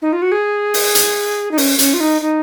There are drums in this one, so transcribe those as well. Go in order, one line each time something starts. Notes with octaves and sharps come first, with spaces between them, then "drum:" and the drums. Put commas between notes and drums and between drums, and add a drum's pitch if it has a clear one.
D#4
F4
F#4
G#4
drum: open hi-hat
drum: hi-hat
D#4
C#4, drum: open hi-hat
C#4, drum: hi-hat
F4
D#4
D#4